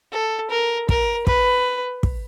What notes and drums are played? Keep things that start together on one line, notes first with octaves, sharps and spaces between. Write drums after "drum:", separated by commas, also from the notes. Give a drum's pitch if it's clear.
A4
A#4
A#4, drum: kick
B4, drum: kick
drum: kick